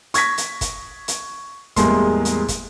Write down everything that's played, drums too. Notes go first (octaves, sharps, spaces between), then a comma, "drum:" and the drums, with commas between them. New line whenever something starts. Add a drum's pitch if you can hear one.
C#6 G#6 A#6 B6, drum: hi-hat
drum: hi-hat
drum: kick, hi-hat
drum: hi-hat
E2 A2 G3 G#3 A#3 C6, drum: kick, hi-hat
drum: hi-hat
drum: kick, hi-hat